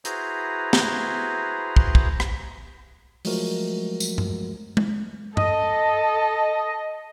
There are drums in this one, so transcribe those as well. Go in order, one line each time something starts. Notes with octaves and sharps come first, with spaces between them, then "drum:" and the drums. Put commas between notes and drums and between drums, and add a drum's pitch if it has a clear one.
E4 F#4 G#4 B4 C5 A#5, drum: hi-hat
drum: snare
drum: kick
drum: kick
drum: rim click
F3 F#3 G#3 A3 F#4 A#4, drum: open hi-hat
drum: tambourine
drum: tom G2
drum: tom
A4 D#5, drum: tom G2